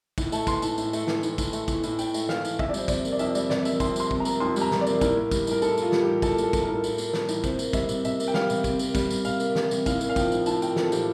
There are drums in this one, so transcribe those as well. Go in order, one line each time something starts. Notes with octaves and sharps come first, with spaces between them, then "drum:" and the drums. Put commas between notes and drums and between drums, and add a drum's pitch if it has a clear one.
A2, drum: kick, tambourine
A3 A5, drum: tambourine
E3 C6, drum: kick, tambourine
A2 A5, drum: tambourine
A2, drum: tambourine
A3, drum: tambourine
E3, drum: snare
A2, drum: tambourine
A2, drum: kick, tambourine
A3, drum: tambourine
E3, drum: kick, tambourine
A2, drum: tambourine
A2 G5, drum: tambourine
A3, drum: tambourine
E3 F5, drum: snare
A2, drum: tambourine
F2 E5, drum: kick
D5
G3 C5, drum: tambourine
C3 D5, drum: kick, tambourine
A#3, drum: tambourine
D5
F2 E5, drum: tambourine
G3 D5, drum: tambourine
C3 D5, drum: snare
A#3 E5, drum: tambourine
F2 C6, drum: kick, tambourine
G3 C6, drum: tambourine
C3, drum: kick
A#5
A#3, drum: tambourine
F2 C6
G3, drum: tambourine
A#5
C3, drum: snare
D5
A#3, drum: tambourine
A2 A#4, drum: kick, tambourine
A#3
G3, drum: kick, tambourine
A2 A#4, drum: tambourine
A2 A4, drum: tambourine
A#3 F4, drum: tambourine
G3, drum: snare
G4
A2
A2 A4, drum: kick, tambourine
A#3, drum: tambourine
A4
G3, drum: kick, tambourine
A2 A#4
A2, drum: tambourine
A#3, drum: tambourine
G3, drum: snare
A2, drum: tambourine
C3 C5, drum: kick, tambourine
A#3, drum: tambourine
G3 E5, drum: kick, tambourine
C3, drum: tambourine
C3 E5, drum: tambourine
A#3, drum: tambourine
G5
G3 F5, drum: snare
C3, drum: tambourine
C3, drum: kick, tambourine
A#3, drum: tambourine
G3, drum: kick, tambourine
C3, drum: tambourine
C3 F5, drum: tambourine
A#3, drum: tambourine
G3, drum: snare
C3, drum: tambourine
A2 F5, drum: kick, tambourine
A#3, drum: tambourine
F5
F3 G5, drum: kick, tambourine
A2, drum: tambourine
A2 A5, drum: tambourine
A#3 G5, drum: tambourine
F3 A4, drum: snare
A2 G4, drum: tambourine